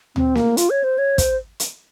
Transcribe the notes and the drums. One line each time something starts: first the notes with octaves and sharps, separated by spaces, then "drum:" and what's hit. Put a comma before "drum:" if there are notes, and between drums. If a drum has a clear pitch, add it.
C4, drum: tom D2
A#3, drum: snare
F4, drum: hi-hat
C#5
C5
C#5
C5, drum: kick, hi-hat
drum: hi-hat